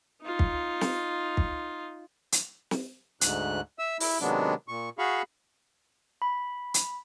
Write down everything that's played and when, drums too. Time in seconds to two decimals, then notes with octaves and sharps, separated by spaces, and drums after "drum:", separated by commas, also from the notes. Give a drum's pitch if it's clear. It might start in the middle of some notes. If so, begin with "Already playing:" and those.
0.22 D#4 F4
0.39 drum: kick
0.81 drum: snare
1.37 drum: kick
2.32 drum: hi-hat
2.71 drum: snare
3.21 D2 G#2 F#6, drum: hi-hat
3.79 E5 E6
4.00 E4, drum: open hi-hat
4.21 C3 D#3 F#3 G#3 B3 D4
4.68 A#2 C#6
4.98 F#4 G#4 F5 B5 C#6
6.22 B5
6.74 drum: hi-hat